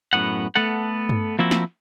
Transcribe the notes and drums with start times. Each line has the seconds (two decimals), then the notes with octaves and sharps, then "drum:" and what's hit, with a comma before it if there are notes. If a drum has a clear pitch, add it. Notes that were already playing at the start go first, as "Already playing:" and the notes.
0.13 F#2 A2 B3 F#5
0.55 A3 B3 A4 F#5
1.09 drum: tom G2
1.39 F3 A#3 C4 E4 F#4
1.51 drum: snare